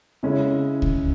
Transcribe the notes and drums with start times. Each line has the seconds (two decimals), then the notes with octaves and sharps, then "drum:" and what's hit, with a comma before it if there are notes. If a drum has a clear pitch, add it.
0.23 C#3 G#3 C#4 E4
0.82 drum: kick C#2